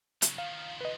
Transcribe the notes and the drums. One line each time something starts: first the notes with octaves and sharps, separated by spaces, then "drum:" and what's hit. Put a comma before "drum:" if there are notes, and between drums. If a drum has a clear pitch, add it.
C#3 F#3, drum: hi-hat
D#3 F3 F5
B4 D#5